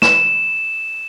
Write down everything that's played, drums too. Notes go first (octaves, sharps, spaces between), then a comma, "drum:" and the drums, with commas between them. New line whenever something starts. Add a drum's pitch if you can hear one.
E7, drum: snare